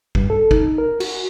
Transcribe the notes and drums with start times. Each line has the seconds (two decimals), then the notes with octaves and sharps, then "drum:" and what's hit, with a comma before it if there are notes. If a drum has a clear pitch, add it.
0.15 G2, drum: kick
0.30 A4
0.51 D#4, drum: kick
0.78 A#4
1.00 F#4, drum: cymbal